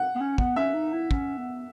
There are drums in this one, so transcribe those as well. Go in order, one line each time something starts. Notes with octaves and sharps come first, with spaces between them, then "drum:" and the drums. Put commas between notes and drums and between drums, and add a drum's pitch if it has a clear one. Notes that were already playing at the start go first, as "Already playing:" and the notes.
Already playing: F#5
B3
C#4
B3, drum: kick
C#4 E5
D#4
E4
C#4, drum: kick
B3